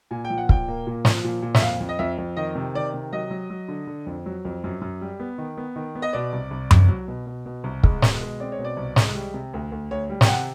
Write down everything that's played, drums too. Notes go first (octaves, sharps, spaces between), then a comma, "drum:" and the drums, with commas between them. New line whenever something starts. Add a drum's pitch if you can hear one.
A#2 G#5
G5
F3
F#5
A#2 G5, drum: kick
A#3
A#2
F3, drum: snare
A#2
A#2
E5, drum: snare
F2 F5
F2
D#5
F2 E5
F2
D#3 D#5
C3
D#3 D5
C3
F#3 D#5
F#3
F#3
D3
D3
F2
F#3
F2
F#2
F#2
G3
B3
D#3
B3
D#3
B3
D#5
B2 D5
C2
C2
C2, drum: tom F#2
F#3
B2
B2
B2
C2
G#3, drum: kick
B2, drum: snare
G#3
C4 D5
C#5
B2
D5
C2
G#3, drum: snare
G3
C3
D2
D2
D2 C#5
G3
G5, drum: snare
C3 F#5